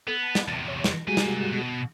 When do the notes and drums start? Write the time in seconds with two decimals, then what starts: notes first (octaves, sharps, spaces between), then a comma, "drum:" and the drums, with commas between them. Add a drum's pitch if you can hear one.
0.08 B3 A4
0.22 A5
0.35 drum: snare
0.48 E2 C3
0.68 C#5
0.84 drum: snare
1.08 G3 G#3 A#3 F#4 G#5
1.17 drum: snare
1.52 B2